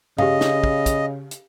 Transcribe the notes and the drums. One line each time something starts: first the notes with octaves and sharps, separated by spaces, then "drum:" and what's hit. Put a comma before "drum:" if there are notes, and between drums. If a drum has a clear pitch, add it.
C#3 G4 D#5 F5, drum: tom G2
drum: snare
drum: kick
drum: kick, hi-hat
drum: hi-hat